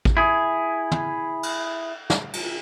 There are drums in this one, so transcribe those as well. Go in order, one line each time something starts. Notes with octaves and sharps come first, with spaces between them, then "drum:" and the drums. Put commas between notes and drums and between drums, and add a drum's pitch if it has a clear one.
drum: kick A1
E4 G#4
drum: tom
drum: cymbal
drum: snare
drum: cymbal